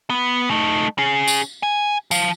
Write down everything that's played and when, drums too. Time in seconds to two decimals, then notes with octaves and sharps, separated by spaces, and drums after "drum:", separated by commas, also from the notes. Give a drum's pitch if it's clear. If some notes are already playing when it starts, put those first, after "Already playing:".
0.10 B3
0.51 A3 D#4
0.98 C#4 G#4
1.28 drum: tambourine
1.63 G#5
2.11 F3 F5, drum: tambourine